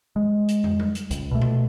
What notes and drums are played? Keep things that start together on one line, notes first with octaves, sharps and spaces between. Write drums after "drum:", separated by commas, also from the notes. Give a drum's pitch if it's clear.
G#3
drum: hi-hat
drum: tom
drum: tom G3
drum: hi-hat
C#2, drum: hi-hat
B2 A3
drum: tom C3